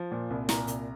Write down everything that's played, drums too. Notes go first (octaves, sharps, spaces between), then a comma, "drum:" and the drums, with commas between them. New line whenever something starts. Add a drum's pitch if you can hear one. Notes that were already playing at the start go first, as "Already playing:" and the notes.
Already playing: F3
A#2
C2
A#2 A#5, drum: snare
C2, drum: hi-hat